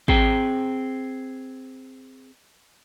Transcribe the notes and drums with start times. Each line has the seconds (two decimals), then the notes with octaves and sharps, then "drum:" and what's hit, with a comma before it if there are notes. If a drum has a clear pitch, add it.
0.08 C4 G#4 G5, drum: kick A1